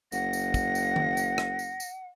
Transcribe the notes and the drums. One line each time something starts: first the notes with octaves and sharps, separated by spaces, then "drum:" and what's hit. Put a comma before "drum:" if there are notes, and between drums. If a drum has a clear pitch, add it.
F#1 F#5 A#6, drum: tambourine
drum: tambourine
drum: kick, tambourine
drum: tambourine
drum: tom D#3
drum: tambourine
drum: rim click
drum: tambourine
drum: tambourine